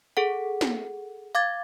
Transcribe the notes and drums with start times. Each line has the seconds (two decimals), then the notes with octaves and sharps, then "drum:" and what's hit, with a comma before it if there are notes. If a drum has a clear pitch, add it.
0.17 G#4 A4 F#5
0.61 drum: snare
1.35 F5 D6 G#6 A6